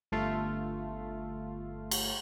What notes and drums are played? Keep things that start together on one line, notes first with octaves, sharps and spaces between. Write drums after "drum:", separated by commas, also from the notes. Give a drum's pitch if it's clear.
G1 A3 F4
drum: cymbal